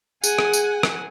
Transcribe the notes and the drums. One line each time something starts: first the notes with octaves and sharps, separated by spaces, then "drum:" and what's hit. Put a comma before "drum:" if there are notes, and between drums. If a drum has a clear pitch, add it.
G#4 F#5 G#5, drum: tambourine
drum: rim click
drum: tambourine
drum: rim click